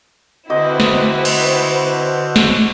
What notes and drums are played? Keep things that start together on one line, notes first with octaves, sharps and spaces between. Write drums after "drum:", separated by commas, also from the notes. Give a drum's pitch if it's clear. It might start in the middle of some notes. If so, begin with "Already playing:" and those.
D3 C4 E4 F#4 B4 C5 D#5 D6
drum: snare
drum: cymbal
drum: snare